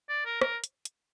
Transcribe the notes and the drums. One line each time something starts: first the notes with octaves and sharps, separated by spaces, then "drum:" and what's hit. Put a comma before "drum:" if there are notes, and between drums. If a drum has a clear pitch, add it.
D5
A#4
A#4, drum: rim click
drum: hi-hat
drum: hi-hat